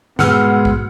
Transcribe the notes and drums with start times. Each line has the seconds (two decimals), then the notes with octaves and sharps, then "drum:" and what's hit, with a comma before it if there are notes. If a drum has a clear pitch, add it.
0.19 G#2 B2 G#3 B3 C5 F#5 E6 F6, drum: snare
0.65 drum: kick